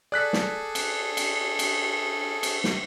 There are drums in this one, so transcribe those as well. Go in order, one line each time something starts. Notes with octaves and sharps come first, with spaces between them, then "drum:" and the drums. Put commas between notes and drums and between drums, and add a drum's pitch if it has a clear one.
G#4 A4 D5 F#6 B6
drum: snare
drum: cymbal
drum: cymbal
drum: cymbal
drum: cymbal
drum: snare